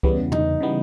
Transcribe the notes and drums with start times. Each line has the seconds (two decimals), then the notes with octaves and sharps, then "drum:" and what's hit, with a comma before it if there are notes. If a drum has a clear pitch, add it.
0.03 E2 C#3 E3 G3 B3, drum: kick C#2
0.32 D#4, drum: tom
0.60 C#3 E3 G3 B3